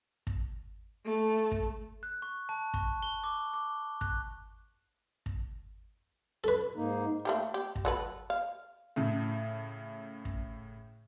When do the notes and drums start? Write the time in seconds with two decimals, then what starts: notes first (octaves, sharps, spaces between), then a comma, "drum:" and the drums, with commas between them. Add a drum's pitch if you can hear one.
0.27 drum: kick
1.05 A3
1.51 drum: kick
2.03 F#6
2.22 C#6
2.49 A5
2.74 C#6, drum: kick
3.03 G7
3.24 D6
3.53 D6
4.01 F#6, drum: kick
5.26 drum: kick
6.44 A4 B4
6.76 G#2 A#3 D#4
7.25 A3 A#3 G4
7.54 G4
7.75 drum: kick
7.85 F#3 A4 B4
8.30 F5
8.96 A2 C#3
10.25 drum: kick